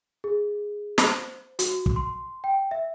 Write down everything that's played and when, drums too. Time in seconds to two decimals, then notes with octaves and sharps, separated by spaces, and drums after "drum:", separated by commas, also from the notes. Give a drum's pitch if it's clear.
0.24 G#4
0.98 C5, drum: snare
1.59 F#4, drum: hi-hat
1.86 drum: kick
1.96 C6
2.44 G5
2.71 E5